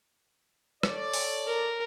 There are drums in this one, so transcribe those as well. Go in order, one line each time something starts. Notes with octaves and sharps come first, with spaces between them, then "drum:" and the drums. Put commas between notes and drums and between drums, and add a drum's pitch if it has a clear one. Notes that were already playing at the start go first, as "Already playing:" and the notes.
A4 C#5 D5, drum: rim click
drum: open hi-hat
A#4